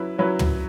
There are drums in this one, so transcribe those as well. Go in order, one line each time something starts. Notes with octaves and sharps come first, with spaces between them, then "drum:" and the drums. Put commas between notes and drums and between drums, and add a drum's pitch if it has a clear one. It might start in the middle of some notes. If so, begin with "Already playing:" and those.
Already playing: F#3 C#4 E4 B4
F#3 C#4 E4 B4
drum: tom